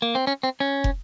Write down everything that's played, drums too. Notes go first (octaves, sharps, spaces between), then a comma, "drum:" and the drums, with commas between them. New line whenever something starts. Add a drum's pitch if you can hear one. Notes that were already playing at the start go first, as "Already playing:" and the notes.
A#3
C4
C#4
C4
C#4
drum: kick